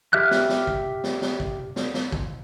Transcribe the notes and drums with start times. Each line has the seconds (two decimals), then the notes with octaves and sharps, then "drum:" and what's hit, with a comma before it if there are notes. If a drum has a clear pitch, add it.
0.13 G4 E5 F6 F#6
0.31 drum: snare
0.49 drum: snare
0.67 drum: kick
1.04 drum: snare
1.22 drum: snare
1.40 drum: kick
1.76 drum: snare
1.94 drum: snare
2.12 drum: kick